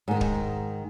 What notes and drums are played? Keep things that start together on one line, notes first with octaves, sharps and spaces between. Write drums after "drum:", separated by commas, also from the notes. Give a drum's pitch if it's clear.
G#2 D#3
drum: kick